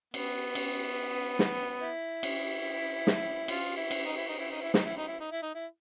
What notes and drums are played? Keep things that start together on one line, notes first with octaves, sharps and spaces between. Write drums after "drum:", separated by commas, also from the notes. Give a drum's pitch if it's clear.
B3, drum: cymbal
drum: cymbal
drum: snare
E4
drum: cymbal
drum: snare
F4, drum: cymbal
E4
drum: cymbal
D#4
E4
D#4
E4
D#4
E4
D#4, drum: snare
E4
D#4
E4
D#4
E4
D#4
E4